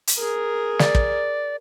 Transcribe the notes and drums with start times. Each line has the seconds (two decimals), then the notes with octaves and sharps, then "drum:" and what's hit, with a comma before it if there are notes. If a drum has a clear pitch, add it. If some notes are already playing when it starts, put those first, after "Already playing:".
0.07 drum: hi-hat
0.17 G#4 A#4
0.79 D5, drum: snare
0.95 drum: kick